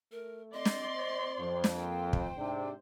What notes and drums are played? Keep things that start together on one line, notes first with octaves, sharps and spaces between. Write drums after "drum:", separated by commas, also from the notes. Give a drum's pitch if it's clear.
A3 A#4
C4 D5 D#5 C6
drum: snare
C5
F2
drum: snare
A#3 C5 G5
drum: kick
G#2 C3 D4